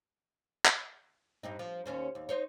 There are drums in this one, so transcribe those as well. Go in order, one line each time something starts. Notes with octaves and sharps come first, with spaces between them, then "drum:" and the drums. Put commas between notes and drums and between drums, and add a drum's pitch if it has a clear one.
drum: clap
G2 C4 D#4
F3
D#2 C#4 C5
D#2
D#4 C5 C#5